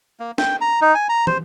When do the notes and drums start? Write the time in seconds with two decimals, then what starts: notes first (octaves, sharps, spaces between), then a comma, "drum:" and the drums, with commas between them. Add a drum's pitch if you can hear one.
0.20 A#3
0.38 G5, drum: snare
0.61 A#5
0.81 D#4
0.95 G#5
1.09 A#5
1.27 C5, drum: tom